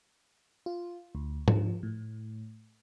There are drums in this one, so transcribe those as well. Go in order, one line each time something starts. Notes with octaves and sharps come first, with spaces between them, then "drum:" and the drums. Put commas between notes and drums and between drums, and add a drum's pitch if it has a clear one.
F4
D2
F3, drum: tom G#2
A2